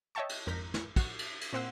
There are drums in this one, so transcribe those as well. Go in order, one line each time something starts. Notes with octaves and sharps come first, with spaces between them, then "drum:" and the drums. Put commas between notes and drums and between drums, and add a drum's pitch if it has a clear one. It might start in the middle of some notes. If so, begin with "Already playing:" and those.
C#5 D#5 E5 G5 A5 C#6
drum: cymbal
G#1 F2 A#4 A#5 G6 B6
drum: snare
F#4, drum: kick, cymbal
drum: cymbal
drum: cymbal
A#2 C4 C5 F#5 E6